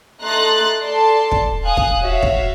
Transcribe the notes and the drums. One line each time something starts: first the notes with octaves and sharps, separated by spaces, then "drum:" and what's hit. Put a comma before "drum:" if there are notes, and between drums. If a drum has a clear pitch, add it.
A3 D#5 A#5 C6 F#6 A6
A4 D5 A5 C6
drum: kick
F5 G#5 D#6 F#6
drum: kick
F#4 C#5 E5 F5
drum: kick